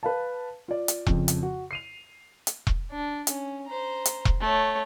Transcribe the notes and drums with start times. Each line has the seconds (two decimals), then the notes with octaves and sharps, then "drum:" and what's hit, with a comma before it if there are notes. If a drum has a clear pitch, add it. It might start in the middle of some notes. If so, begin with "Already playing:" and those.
0.03 B4 F5 A5
0.68 F4 D5
0.88 drum: hi-hat
1.06 F2 C#3, drum: kick E1
1.28 drum: hi-hat
1.43 F#4
1.71 C7 D#7 F7
2.47 drum: hi-hat
2.67 drum: kick E1
2.91 D4
3.27 C#4, drum: hi-hat
3.67 C5 A#5
4.05 drum: hi-hat
4.25 drum: kick E1
4.41 A3 C#5